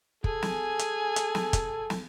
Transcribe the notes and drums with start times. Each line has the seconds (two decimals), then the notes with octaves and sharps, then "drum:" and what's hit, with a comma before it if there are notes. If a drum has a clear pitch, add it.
0.24 G#4 A4 G#5, drum: kick
0.42 drum: snare
0.79 drum: hi-hat
1.16 drum: hi-hat
1.35 drum: snare
1.53 drum: kick, hi-hat
1.90 drum: snare